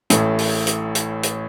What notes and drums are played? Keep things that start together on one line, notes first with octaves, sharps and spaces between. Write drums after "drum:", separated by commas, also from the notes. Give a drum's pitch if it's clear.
A1 A2, drum: hi-hat
drum: open hi-hat
drum: hi-hat
drum: hi-hat
drum: hi-hat